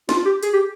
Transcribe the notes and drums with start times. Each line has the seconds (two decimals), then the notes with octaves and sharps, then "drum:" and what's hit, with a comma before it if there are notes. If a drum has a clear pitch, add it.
0.09 F4, drum: snare
0.25 G4
0.43 G#4, drum: hi-hat
0.53 G4